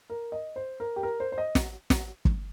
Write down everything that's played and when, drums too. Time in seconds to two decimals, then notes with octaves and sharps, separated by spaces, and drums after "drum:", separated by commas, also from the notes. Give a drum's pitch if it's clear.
0.10 A#4
0.32 D#5
0.56 C5
0.80 A#4
0.96 G4
1.03 A#4
1.20 C5
1.32 C5
1.38 D#5
1.55 drum: snare
1.90 drum: snare
2.25 drum: kick